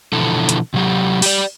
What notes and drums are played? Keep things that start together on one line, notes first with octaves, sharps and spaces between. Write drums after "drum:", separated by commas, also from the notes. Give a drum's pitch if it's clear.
B2 D3 E3 F3 A4
drum: hi-hat
C3 F#3 G4
G4 D5, drum: open hi-hat